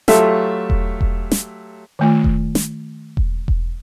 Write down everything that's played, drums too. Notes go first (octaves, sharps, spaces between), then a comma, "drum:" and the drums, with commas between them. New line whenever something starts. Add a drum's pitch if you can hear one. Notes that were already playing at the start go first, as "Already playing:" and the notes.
F#3 A3 F4 G4 A4 E5, drum: snare
drum: kick E1
drum: kick E1
drum: snare
D#3 A3 F4
drum: kick E1
drum: snare
drum: kick E1
drum: kick E1